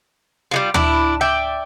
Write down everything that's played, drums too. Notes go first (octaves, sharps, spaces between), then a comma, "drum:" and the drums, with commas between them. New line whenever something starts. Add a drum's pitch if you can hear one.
G3 G#3 F4
D4 E4, drum: tom D2
D5 E5 G5